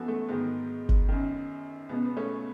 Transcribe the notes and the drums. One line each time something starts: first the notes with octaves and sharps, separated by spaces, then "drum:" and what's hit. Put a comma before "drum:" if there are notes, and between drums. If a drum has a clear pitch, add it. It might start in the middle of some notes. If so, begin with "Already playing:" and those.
Already playing: F#2 E3 B3 F#4 A4
A3
G#2 D#3 B3
drum: kick F#1
F#2 D#3
C#2 B2 B3
B3
A3 C#4